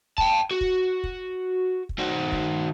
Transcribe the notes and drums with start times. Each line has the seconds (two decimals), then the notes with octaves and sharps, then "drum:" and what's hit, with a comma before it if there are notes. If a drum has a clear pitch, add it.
0.18 G5 A5, drum: kick
0.51 F#4
0.61 drum: kick
1.04 drum: kick
1.89 drum: kick
1.99 D#3 F#4
2.32 drum: kick